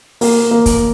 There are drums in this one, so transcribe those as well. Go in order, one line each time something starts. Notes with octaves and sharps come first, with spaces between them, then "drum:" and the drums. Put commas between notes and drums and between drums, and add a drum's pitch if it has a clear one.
A#3, drum: open hi-hat
A#3
drum: kick, hi-hat